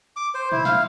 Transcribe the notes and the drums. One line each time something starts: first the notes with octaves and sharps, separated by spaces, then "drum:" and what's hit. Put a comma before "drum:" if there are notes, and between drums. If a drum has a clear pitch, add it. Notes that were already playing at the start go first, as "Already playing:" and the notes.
D6
C5
E4, drum: tom A#2
F5, drum: snare